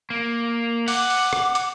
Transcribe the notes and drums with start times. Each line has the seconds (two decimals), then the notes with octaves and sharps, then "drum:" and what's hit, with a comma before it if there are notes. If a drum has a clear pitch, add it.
0.10 A#3
0.88 F#5 D6, drum: open hi-hat
1.10 drum: open hi-hat
1.33 drum: rim click
1.55 drum: hi-hat